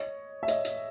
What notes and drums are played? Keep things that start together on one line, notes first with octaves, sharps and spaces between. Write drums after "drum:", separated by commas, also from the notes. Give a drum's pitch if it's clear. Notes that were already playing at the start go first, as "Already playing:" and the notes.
Already playing: C#5 D#5
E5
C#5 D#5, drum: hi-hat
drum: hi-hat